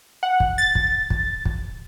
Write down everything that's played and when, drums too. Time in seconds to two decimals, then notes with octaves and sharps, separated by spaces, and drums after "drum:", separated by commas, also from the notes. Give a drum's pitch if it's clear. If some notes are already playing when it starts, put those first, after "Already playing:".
0.23 F#5
0.40 drum: kick
0.58 A6
0.75 drum: kick
1.10 drum: kick
1.45 drum: kick